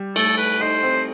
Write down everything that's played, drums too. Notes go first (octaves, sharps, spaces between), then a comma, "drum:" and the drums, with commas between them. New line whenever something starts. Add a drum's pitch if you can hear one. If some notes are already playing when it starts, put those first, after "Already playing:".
Already playing: G3
A3 A4, drum: cymbal
B4
D#4 C5
C4